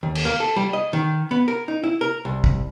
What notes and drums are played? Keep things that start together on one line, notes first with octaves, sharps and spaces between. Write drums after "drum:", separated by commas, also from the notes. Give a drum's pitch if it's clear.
D#2
drum: cymbal
A#3
A4
G3
D#5
D#3
B3
A#4
D#4
E4
A#4
C2
drum: kick